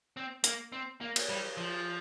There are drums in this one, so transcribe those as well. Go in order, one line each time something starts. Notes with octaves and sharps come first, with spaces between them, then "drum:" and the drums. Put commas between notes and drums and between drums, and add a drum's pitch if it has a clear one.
C4
A#3, drum: hi-hat
C4
A#3
drum: cymbal
G3
F3